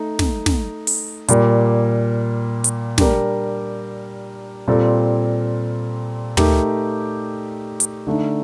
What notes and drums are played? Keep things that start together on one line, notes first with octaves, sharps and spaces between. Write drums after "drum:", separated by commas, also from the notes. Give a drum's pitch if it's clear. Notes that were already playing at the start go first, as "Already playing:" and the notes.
Already playing: A3 D#4 A4
drum: snare
drum: snare
drum: open hi-hat
A#2 G3 A#3, drum: hi-hat
drum: hi-hat
G3 D4 G4 A#4, drum: snare
A#2 G3 C4 F4 A4
A3 D#4 G4 A#4, drum: tom
drum: hi-hat
D3 A3 D#4